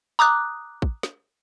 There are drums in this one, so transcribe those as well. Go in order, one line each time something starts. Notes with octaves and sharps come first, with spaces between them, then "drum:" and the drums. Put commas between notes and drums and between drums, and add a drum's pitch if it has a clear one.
A#5 D6 D#6 F#6
drum: kick
drum: snare